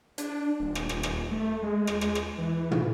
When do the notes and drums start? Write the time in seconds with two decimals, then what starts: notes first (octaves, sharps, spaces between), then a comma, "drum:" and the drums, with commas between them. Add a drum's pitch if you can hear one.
0.18 D4, drum: hi-hat
0.60 D#1
0.75 drum: rim click
0.89 drum: rim click
1.03 drum: rim click
1.31 A3
1.62 G#3
1.87 drum: rim click
2.01 drum: rim click
2.15 drum: rim click
2.38 E3
2.71 drum: tom